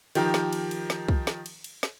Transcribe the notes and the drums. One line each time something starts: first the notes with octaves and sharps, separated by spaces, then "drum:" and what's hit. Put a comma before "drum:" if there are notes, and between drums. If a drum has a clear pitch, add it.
D#3 F3 G4 A#4, drum: cymbal
drum: snare
drum: cymbal
drum: cymbal
drum: snare
drum: kick
drum: snare
drum: cymbal
drum: cymbal
drum: snare